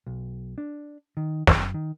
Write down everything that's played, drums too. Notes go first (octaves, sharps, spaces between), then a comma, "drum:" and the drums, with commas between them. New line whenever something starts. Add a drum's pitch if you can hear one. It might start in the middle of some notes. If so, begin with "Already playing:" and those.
B1
D4
D#3
F#2, drum: snare
D#3